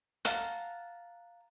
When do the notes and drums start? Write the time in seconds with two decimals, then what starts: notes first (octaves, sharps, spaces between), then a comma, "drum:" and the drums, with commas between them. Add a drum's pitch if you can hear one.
0.25 F5 F#5 A5 A#5, drum: hi-hat